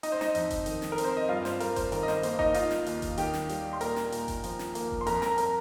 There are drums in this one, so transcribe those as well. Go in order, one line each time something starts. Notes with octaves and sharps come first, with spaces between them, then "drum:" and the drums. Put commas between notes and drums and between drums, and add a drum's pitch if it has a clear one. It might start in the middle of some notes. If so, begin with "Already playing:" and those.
D#4 D#5, drum: hi-hat
C5
D#4 D#5, drum: snare
F2, drum: hi-hat
drum: kick F#1, hi-hat
D#3, drum: hi-hat
drum: snare
A#4
C4, drum: hi-hat
C5
D#5
G2 F4 F5
C5, drum: snare
G2 A#4, drum: hi-hat
C5, drum: kick F#1, hi-hat
D#3 A#4, drum: hi-hat
D#5
C5, drum: snare
A#3 C5, drum: hi-hat
D#4 D#5, drum: kick F#1
D#4 F4 F5, drum: hi-hat
drum: snare
D#2, drum: hi-hat
drum: kick F#1, hi-hat
D#3 G4 G5, drum: hi-hat
drum: snare
G3, drum: hi-hat
C6
A#2 A#4 A#5, drum: hi-hat
drum: snare
A#2, drum: hi-hat
drum: kick F#1, hi-hat
F3, drum: hi-hat
drum: snare
A#3, drum: hi-hat
drum: kick F#1
C6
F2 A#4 A#5, drum: hi-hat
A#4 A#5, drum: snare
A#4 A#5, drum: hi-hat